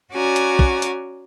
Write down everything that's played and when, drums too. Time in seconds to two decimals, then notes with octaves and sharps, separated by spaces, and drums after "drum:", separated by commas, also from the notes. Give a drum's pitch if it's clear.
0.13 C#4 F#4 D5 G#5 A#5
0.36 drum: hi-hat
0.59 drum: kick
0.82 drum: hi-hat